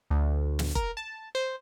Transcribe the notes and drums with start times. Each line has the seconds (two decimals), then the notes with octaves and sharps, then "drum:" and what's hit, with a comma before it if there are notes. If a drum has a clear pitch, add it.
0.10 D2
0.59 drum: snare
0.75 A#4, drum: kick
0.97 A5
1.35 C5